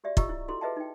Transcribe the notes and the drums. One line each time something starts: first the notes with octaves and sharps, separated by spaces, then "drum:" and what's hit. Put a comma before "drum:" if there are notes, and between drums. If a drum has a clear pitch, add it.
F#4 G4 D5 E5
F4 G4 D#5 A#5 C#6 E6, drum: kick
E4
E4 F#4 A4 C6
G#4 B4 D#5 E5 F#5 A5
D#4 G5